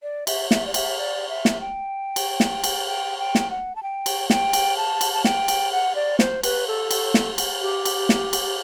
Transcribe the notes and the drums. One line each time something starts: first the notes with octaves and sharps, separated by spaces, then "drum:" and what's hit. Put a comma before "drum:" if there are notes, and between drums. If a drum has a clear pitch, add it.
D5
E5, drum: cymbal
E5, drum: snare
D5
E5, drum: cymbal
D5
E5
drum: snare
G5
drum: cymbal
drum: snare
drum: cymbal
G5
G5
drum: snare
F#5
A5
G5
drum: cymbal
G5, drum: snare
drum: cymbal
A5
drum: cymbal
A5
G5, drum: snare
drum: cymbal
F#5
D5
C5, drum: snare
B4, drum: cymbal
A4
drum: cymbal
drum: snare
drum: cymbal
G4
drum: cymbal
drum: snare
drum: cymbal